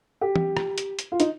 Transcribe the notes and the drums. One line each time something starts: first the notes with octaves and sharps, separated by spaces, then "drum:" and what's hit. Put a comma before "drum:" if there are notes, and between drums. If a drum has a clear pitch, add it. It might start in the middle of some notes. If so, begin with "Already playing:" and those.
G4
drum: tom E3
drum: rim click
drum: hi-hat
drum: hi-hat
F4
D#4, drum: hi-hat